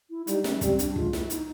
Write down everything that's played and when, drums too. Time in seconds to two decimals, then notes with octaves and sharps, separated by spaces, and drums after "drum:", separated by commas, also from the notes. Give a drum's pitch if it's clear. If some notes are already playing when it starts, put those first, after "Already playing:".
0.10 E4
0.27 G3 D#4, drum: hi-hat
0.44 C#4, drum: snare
0.61 G3 C4, drum: kick, hi-hat
0.79 D4, drum: hi-hat
0.96 G#3 F4, drum: kick
1.13 E4, drum: snare
1.30 D#4, drum: hi-hat